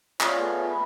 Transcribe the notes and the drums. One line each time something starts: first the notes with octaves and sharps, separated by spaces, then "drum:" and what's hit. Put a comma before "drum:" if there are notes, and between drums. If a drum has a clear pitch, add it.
F4 C#5 D5, drum: clap
A3 B3 G#4
B4 E5 B5